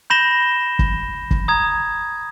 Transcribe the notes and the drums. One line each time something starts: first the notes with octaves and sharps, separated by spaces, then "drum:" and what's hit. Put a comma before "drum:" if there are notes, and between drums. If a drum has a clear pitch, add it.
B5 G6 A#6 E7 G7
drum: kick
drum: kick
A#5 D#6 G#6